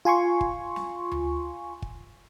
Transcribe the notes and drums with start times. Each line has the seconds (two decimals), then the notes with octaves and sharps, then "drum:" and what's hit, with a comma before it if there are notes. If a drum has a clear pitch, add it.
0.05 F4 G#5 C6 C#6
0.41 drum: kick
0.76 drum: snare
1.12 drum: tom D2
1.82 drum: kick